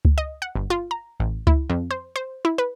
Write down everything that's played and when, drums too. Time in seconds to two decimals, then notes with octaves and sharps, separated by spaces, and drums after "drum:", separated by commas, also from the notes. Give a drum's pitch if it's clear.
0.05 drum: kick C#2
0.18 D#5
0.42 F#5
0.56 G1
0.70 F4
0.91 A#5
1.20 A1
1.47 E4, drum: kick C#2
1.70 F2
1.91 C5
2.16 C5
2.45 E4
2.58 B4